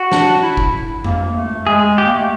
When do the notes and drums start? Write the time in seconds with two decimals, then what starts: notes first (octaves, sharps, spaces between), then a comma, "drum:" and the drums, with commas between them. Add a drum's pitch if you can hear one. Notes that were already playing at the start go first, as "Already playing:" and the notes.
Already playing: F#4
0.12 D4, drum: snare
0.43 E4
0.57 drum: kick
1.04 A#3, drum: tom F2
1.36 A3
1.67 G#3 G#4
1.98 G4
2.06 A#3
2.13 A3